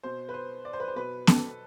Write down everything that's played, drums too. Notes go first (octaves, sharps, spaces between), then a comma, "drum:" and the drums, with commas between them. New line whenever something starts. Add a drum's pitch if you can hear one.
B2 C5
B4
C5
D5
C5
B4
C5
B2 B4
A4, drum: snare B3